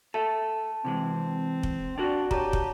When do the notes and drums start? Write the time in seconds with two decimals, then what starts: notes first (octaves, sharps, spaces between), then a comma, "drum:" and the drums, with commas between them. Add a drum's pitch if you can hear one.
0.14 A4 E5 A5
0.85 C3 E3 G#3 C4
1.63 drum: kick
1.98 D4 F#4 A#4 D5
2.31 G4 C#5 A5 A#5, drum: kick
2.53 drum: kick